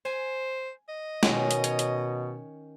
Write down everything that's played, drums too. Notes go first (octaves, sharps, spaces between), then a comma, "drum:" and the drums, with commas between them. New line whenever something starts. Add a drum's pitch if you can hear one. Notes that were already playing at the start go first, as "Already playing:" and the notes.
C5 G#5
D#5
B2 D#3 C#4, drum: snare
drum: hi-hat
C#5, drum: hi-hat
drum: hi-hat